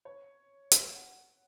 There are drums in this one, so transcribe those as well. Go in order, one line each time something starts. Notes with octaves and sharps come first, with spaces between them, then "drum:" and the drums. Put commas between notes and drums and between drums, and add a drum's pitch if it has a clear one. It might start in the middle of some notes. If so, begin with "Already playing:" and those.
C#5
drum: hi-hat
F#5